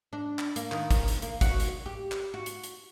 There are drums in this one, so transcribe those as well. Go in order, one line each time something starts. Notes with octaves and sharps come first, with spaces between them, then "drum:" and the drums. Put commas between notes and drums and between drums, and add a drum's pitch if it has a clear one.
D4
drum: clap
A#3, drum: hi-hat
D#3, drum: clap
drum: kick, hi-hat
drum: hi-hat
A#3, drum: hi-hat
F#4, drum: kick, hi-hat
drum: hi-hat
G4
drum: clap
F#4
drum: hi-hat
drum: hi-hat